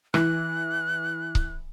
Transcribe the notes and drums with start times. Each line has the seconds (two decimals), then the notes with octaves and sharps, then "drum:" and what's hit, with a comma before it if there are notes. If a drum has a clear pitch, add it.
0.14 E3 F#6, drum: rim click
1.35 drum: kick C#1